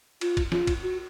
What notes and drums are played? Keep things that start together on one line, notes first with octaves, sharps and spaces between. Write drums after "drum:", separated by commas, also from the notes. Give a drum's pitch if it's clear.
F4, drum: cymbal
drum: kick, cymbal
F4, drum: snare
drum: kick, cymbal
F#4